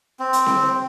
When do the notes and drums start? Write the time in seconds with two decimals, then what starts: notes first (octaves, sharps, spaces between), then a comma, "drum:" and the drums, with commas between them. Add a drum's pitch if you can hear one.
0.19 C4
0.33 drum: hi-hat
0.46 drum: snare C4